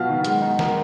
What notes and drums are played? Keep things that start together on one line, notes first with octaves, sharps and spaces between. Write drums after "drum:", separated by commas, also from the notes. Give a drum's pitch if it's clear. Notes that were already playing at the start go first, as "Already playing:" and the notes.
Already playing: B2 F#3 B3 F4 F#5
D#3
G#3 F#5, drum: hi-hat
D#4
A#4, drum: snare